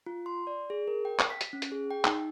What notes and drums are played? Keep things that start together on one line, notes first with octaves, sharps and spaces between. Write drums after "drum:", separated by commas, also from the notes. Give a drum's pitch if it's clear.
F4
C6
D5
G#4
A#4
G5
drum: clap
B6
drum: hi-hat
C#4
drum: hi-hat
G#4
G5
D#4, drum: clap